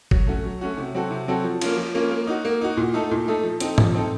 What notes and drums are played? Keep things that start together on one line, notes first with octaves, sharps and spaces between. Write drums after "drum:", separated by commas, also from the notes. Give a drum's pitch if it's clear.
F#3, drum: kick
A3 C#4 F#4
F#3
A3 C#4 F#4
C3
F#3 C4 F#4 A4
C3
F#3 C4 F#4 A4
F3
A#3 C#4 F4, drum: cymbal
F3
A#3 C#4 F4
A#3
D#4 F#4
A#3
D#4 F#4
A#2
A3 D#4 A4
A#2
A3 D#4 A4
F3
C4 D#4 A4, drum: hi-hat
F3, drum: tom G#2
C4 D#4 A4